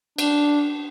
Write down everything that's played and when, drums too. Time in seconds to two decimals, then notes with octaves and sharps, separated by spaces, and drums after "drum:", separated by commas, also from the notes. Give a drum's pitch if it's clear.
0.18 D4, drum: cymbal